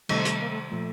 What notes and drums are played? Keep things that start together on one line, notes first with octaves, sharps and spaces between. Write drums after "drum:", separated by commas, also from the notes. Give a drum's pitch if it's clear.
C3 D#3 G3 A3, drum: cymbal
A3, drum: hi-hat
A#3
A3
A#2 F3 A3